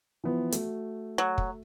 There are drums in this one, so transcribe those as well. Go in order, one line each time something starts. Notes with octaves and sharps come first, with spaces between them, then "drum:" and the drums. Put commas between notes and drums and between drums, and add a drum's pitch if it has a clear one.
E3 F3 B3
A3 F#4, drum: hi-hat
F#3
drum: kick